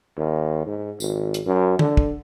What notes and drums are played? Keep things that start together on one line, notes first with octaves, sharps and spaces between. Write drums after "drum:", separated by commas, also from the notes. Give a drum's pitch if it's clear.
D#2
G#2
G#1, drum: tambourine
drum: hi-hat
F#2
D3, drum: tom
drum: kick